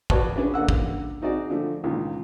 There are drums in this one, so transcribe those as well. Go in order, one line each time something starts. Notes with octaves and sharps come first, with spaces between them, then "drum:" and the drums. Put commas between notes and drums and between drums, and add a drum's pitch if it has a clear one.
F#4 B4 C#5 D5 A5 C#6, drum: kick
C#4 D4 G#4 B4
D3 A#3 F#5 E6
drum: kick
C4 D#4 F#4 G#4 D5
D3 F3 A3
C#2 A#2 D#3 E3